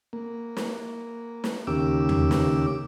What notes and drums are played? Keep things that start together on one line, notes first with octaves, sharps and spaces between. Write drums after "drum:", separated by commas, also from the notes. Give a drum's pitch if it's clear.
A#3
drum: snare
drum: snare
D#2 C#3 A#3 G4 D6 E6
drum: tom E2
drum: snare